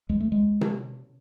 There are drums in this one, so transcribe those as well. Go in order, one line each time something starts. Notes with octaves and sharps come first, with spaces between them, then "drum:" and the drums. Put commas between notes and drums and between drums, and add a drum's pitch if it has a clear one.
D#2 G#3
A3
G#3
drum: tom C3